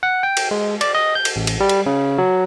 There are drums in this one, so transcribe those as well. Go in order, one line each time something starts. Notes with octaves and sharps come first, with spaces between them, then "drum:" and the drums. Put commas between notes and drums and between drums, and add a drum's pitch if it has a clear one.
F#5
G5
drum: cymbal
G#3
D5, drum: cymbal
D#5
G6
drum: cymbal
A1
drum: cymbal
G3
drum: cymbal
C#3
F#3